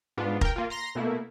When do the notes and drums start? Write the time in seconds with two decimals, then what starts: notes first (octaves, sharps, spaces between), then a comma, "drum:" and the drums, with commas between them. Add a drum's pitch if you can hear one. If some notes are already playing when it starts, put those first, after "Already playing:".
0.17 G#2 B3 D4 F4
0.41 A#4 G5, drum: kick
0.56 A#3 F4
0.70 A#5 C6 A#6
0.95 B2 A3 A#3 E4